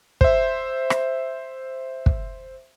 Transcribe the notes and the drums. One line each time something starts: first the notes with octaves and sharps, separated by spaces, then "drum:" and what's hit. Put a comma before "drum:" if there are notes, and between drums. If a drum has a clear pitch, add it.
C5 E5, drum: kick
drum: rim click
drum: kick